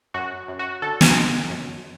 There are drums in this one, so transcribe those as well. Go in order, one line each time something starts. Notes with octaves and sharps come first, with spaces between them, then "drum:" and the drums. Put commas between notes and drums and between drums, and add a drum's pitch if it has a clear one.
F#2 F#4
F#2
F#4
D3 A4
drum: snare
G#3
F#2